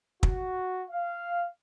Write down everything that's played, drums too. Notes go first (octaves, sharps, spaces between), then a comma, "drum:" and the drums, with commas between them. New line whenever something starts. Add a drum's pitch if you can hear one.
F#4, drum: kick
F5